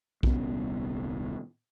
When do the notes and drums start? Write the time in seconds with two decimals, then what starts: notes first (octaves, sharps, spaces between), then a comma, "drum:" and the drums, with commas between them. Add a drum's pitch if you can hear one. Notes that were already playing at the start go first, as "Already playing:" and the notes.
0.23 D#1 C2 B3 C#4, drum: kick B1